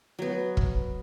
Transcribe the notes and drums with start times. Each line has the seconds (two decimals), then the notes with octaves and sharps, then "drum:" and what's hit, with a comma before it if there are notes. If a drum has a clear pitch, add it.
0.19 F#3 B3
0.57 drum: kick